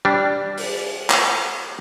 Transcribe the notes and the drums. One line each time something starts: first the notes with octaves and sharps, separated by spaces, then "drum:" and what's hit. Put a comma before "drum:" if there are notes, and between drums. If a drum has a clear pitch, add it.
G3 D4
drum: open hi-hat
drum: clap